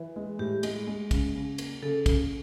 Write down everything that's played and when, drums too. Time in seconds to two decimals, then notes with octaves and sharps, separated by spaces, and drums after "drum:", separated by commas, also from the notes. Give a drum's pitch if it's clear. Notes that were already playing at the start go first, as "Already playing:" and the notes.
Already playing: E3
0.16 G#3
0.39 A2 G4
0.63 G#3, drum: cymbal
0.87 G#3
1.11 C#3, drum: kick, cymbal
1.35 C#3
1.58 A#3, drum: cymbal
1.83 C#3 A4
2.06 C#3, drum: kick, cymbal